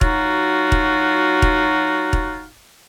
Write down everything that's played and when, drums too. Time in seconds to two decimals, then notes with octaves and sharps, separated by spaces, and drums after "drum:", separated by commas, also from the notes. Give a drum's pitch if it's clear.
0.01 F#3 D#4 F4 F#4, drum: kick
0.72 drum: kick
1.42 drum: kick
2.13 drum: kick